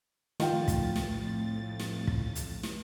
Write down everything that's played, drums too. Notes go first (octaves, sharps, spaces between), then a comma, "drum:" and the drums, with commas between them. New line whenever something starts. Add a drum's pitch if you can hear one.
F2 A2 D#3 F4 G5 A6, drum: snare
drum: kick, hi-hat
drum: snare
drum: snare
drum: kick
drum: hi-hat
drum: snare